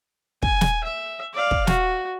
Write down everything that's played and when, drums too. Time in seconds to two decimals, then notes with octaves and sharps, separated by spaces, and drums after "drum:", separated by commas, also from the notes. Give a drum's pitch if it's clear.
0.42 G#5, drum: kick
0.61 drum: snare
0.84 E5
1.33 D5 F5
1.51 drum: kick
1.67 F#4, drum: snare